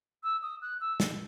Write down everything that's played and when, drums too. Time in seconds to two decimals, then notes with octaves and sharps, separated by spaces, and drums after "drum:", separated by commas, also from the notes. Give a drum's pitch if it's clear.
0.24 E6
0.42 D#6
0.62 F#6
0.81 E6
1.00 drum: snare